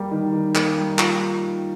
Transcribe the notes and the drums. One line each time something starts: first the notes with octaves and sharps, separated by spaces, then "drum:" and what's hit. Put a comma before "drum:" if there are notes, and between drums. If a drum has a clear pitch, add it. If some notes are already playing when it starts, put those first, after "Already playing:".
Already playing: G3 A#3
D#3
D#3
A#3, drum: clap
G3
F4, drum: clap